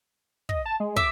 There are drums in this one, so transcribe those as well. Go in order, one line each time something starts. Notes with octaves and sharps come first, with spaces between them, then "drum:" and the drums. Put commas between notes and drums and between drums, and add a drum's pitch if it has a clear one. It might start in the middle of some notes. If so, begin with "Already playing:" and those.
D#5, drum: kick
A5
G#3
E5 D6, drum: kick